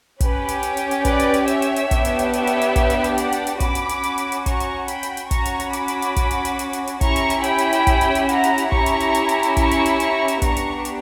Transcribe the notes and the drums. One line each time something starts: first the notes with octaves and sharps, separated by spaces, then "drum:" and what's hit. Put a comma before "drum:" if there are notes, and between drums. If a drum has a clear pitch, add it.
C#4 G4 B4, drum: kick, hi-hat
drum: hi-hat
drum: hi-hat
drum: hi-hat
drum: hi-hat
B4 D5, drum: kick, hi-hat
drum: hi-hat
drum: hi-hat
C#5 E5, drum: hi-hat
drum: hi-hat
drum: hi-hat
B3 D4 G4, drum: kick, hi-hat
drum: hi-hat
drum: hi-hat
C#5 E5, drum: hi-hat
drum: hi-hat
drum: hi-hat
drum: kick, hi-hat
drum: hi-hat
drum: hi-hat
D5 F#5, drum: hi-hat
drum: hi-hat
drum: hi-hat
C#4 F#4 B5 D6, drum: kick, hi-hat
drum: hi-hat
drum: hi-hat
drum: hi-hat
drum: hi-hat
drum: hi-hat
A#5 C#6, drum: kick, hi-hat
drum: hi-hat
G5 B5, drum: hi-hat
drum: hi-hat
drum: hi-hat
C#4 F#4 A#5 C#6, drum: kick, hi-hat
drum: hi-hat
drum: hi-hat
B5 D6, drum: hi-hat
drum: hi-hat
drum: hi-hat
drum: kick, hi-hat
drum: hi-hat
drum: hi-hat
drum: hi-hat
drum: hi-hat
drum: hi-hat
C#4 E4 G4 A#5 C#6, drum: kick, hi-hat
drum: hi-hat
drum: hi-hat
G5 B5, drum: hi-hat
drum: hi-hat
drum: hi-hat
drum: kick, hi-hat
drum: hi-hat
drum: hi-hat
F#5 A#5, drum: hi-hat
drum: hi-hat
drum: hi-hat
C#4 E4 G4 A#5 C#6, drum: kick
drum: hi-hat
drum: hi-hat
drum: hi-hat
drum: hi-hat
drum: hi-hat
A#5 C#6, drum: kick, hi-hat
drum: hi-hat
drum: hi-hat
A#5 C#6, drum: hi-hat
drum: hi-hat
B3 D4 G4 A#5 C#6, drum: kick, hi-hat
drum: hi-hat
drum: hi-hat